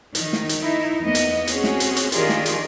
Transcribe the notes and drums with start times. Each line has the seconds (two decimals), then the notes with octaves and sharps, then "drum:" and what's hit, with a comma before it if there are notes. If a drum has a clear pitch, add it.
0.15 D#3 D#4, drum: hi-hat
0.33 drum: snare
0.49 drum: hi-hat
0.59 D#4 E4
1.03 E2 A#3 B3 D#5
1.15 drum: hi-hat
1.47 C4 C#4 F#4 G#4, drum: hi-hat
1.64 drum: snare
1.80 drum: hi-hat
1.96 drum: hi-hat
2.12 D#3 D4 F4 G4 G#4 A#4, drum: hi-hat
2.29 drum: snare
2.46 drum: hi-hat